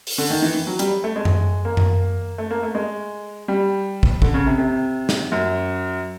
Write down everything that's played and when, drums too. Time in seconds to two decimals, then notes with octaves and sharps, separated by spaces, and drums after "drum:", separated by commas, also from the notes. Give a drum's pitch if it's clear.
0.07 drum: open hi-hat
0.18 D3
0.30 D#3
0.42 E3
0.55 E3
0.67 F#3
0.79 G3, drum: hi-hat
1.04 A3
1.16 G#3
1.25 drum: tom F#2
1.65 A#3
1.77 drum: tom F#2
2.38 A3
2.51 A#3
2.63 A3
2.75 G#3
3.48 G3
4.03 drum: kick
4.22 D3, drum: kick
4.34 C#3
4.46 C3
4.58 C3
5.09 drum: snare
5.32 F#2